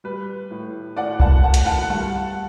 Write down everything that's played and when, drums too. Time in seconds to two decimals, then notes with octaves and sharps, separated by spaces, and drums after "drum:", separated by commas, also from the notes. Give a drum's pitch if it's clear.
0.04 G3 B4
0.51 A2
0.97 A2 D5 F#5
1.20 F#5 A5, drum: kick C2
1.43 A2 F#5 A5
1.54 drum: hi-hat
1.66 F#5 A5
1.90 G2 F#5 A5